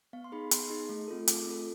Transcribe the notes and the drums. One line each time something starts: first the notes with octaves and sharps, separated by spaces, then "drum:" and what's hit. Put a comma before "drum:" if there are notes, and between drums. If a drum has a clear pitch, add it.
B3 F5
C6
D#4 G#4 B5
B3 C6, drum: hi-hat
D#4 G#4
A3
C4 F4 A4
A3 D6, drum: hi-hat
C4 F4 A4